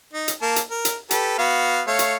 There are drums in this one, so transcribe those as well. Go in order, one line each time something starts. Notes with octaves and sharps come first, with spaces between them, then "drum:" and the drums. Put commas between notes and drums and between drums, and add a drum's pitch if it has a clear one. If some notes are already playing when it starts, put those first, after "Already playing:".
D#4
drum: hi-hat
A#3 A5
drum: hi-hat
A#4
drum: hi-hat
G4 A4 B4, drum: hi-hat
B3 F#4 F5
A3 C#5 F5
drum: hi-hat